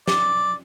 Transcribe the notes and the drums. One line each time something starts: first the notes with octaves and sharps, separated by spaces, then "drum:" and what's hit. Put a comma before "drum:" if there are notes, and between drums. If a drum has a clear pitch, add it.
D5, drum: snare